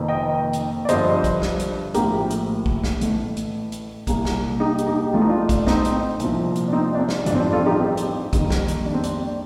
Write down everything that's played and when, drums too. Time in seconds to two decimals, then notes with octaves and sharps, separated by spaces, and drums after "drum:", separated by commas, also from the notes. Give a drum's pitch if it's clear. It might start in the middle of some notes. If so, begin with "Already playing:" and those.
Already playing: F1 F2 D#3 A#3
0.08 D#5 G5
0.53 drum: hi-hat
0.85 D5
0.89 G1 G2 D3 F3 C5 D#5, drum: hi-hat
1.24 drum: kick, hi-hat
1.42 drum: snare
1.59 drum: hi-hat
1.94 A#1 A2 F3 G4 A#4, drum: hi-hat
2.30 drum: hi-hat
2.66 drum: kick
2.84 drum: snare
3.01 A1 A2 A3, drum: hi-hat
3.37 drum: hi-hat
3.72 drum: hi-hat
4.07 C2 A#2 G3 A#3, drum: kick, hi-hat
4.25 drum: snare
4.60 D#4 G4
4.78 drum: hi-hat
4.87 D#4 G4
5.13 A1 A2 A3 F4
5.21 D#4
5.29 D4 F4
5.49 drum: kick, hi-hat
5.67 C4 D#4, drum: snare
5.85 drum: hi-hat
6.20 C2 A#2 F3, drum: hi-hat
6.56 drum: hi-hat
6.68 D4
6.73 C4 D#4
6.95 D4
6.99 C4
7.09 drum: snare
7.26 A1 G2 F3 D4, drum: hi-hat
7.35 C4
7.40 D4
7.53 F4 A4
7.66 D#4 G4
7.80 C4
7.97 drum: hi-hat
8.33 F2 D#3 G3 A#3, drum: kick, hi-hat
8.50 drum: snare
8.68 drum: hi-hat
8.86 D4
8.94 C4
9.03 D4, drum: hi-hat